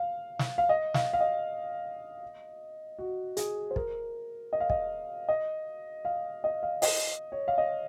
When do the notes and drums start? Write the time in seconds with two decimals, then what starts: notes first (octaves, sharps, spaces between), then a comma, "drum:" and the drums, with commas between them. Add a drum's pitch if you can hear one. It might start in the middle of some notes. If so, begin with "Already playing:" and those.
Already playing: F5
0.39 drum: snare
0.58 F5
0.69 D#5
0.94 F5, drum: snare
1.13 F5
1.20 D#5
2.99 F#4
3.37 G#4, drum: hi-hat
3.71 C5
3.76 A#4, drum: kick
4.53 D#5
4.60 F5
4.70 D#5, drum: kick
5.29 D#5
6.05 F5
6.44 D#5
6.63 F5
6.82 D#5, drum: open hi-hat
7.32 C#5
7.48 F5
7.58 D#5